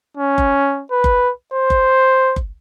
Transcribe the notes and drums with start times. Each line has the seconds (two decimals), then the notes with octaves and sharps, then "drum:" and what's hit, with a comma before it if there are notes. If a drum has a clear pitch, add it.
0.17 C#4
0.38 drum: kick F#1
0.91 B4
1.04 drum: kick F#1
1.54 C5
1.70 drum: kick F#1
2.36 drum: kick F#1